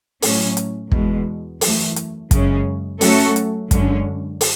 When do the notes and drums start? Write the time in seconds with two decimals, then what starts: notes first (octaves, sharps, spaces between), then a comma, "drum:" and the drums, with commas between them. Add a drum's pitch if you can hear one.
0.22 A2 F#3 C#4, drum: open hi-hat
0.57 drum: hi-hat
0.92 E2 B2 G#3, drum: kick
1.61 F#2 E3 A3, drum: open hi-hat
1.96 drum: hi-hat
2.31 F#2 C#3 G#3 C#4, drum: kick, hi-hat
3.01 F#3 A3 C#4 F#4 A4, drum: open hi-hat
3.36 drum: hi-hat
3.71 F#2 D3 G#3 C#4, drum: kick, hi-hat
4.41 drum: open hi-hat